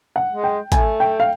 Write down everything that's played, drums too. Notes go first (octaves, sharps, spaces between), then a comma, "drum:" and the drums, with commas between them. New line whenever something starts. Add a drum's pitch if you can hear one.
F#5
G#3
G5
A3 G#5, drum: kick A1, hi-hat
G5
F5